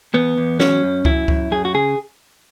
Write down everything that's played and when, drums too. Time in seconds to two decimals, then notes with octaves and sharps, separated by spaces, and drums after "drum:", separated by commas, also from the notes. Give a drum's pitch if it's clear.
0.14 E2 B3
0.37 E2
0.60 F#3 C#4, drum: snare
0.83 F#2
1.05 F#2 E4, drum: kick C#2
1.28 F#2, drum: kick C#2
1.51 F#2 G#4
1.65 F#4
1.74 C#3 G#4